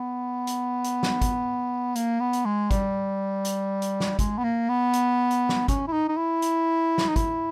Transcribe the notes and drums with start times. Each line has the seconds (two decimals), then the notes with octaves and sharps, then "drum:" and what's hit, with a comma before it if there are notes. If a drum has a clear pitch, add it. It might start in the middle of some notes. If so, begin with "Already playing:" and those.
Already playing: B3
0.47 drum: hi-hat
0.84 drum: hi-hat
1.03 drum: snare
1.22 drum: kick, hi-hat
1.96 A#3, drum: hi-hat
2.20 B3
2.33 drum: hi-hat
2.45 G#3
2.71 G3, drum: kick, hi-hat
3.45 drum: hi-hat
3.82 drum: hi-hat
4.00 drum: snare
4.19 G#3, drum: kick, hi-hat
4.38 B3
4.44 A#3
4.69 B3
4.93 drum: hi-hat
5.31 drum: hi-hat
5.49 drum: snare
5.68 C#4, drum: kick, hi-hat
5.88 E4
5.92 D#4
6.09 D#4
6.17 E4
6.42 drum: hi-hat
6.98 drum: snare
7.08 D#4
7.16 E4, drum: kick, hi-hat